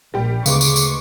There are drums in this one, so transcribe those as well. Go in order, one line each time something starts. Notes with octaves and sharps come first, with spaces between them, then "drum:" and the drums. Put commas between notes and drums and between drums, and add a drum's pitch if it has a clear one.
A#1 G3 G4
D2 C#3 G#3 B3 C#6 D6, drum: tambourine
drum: tambourine
drum: tambourine